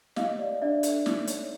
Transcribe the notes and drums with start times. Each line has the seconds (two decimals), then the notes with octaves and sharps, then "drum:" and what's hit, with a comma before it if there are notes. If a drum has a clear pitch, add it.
0.16 G4 D#5 F5, drum: snare
0.39 D5
0.62 D4 D5 E5
0.83 A4, drum: hi-hat
1.06 D#4, drum: snare
1.27 C#5, drum: hi-hat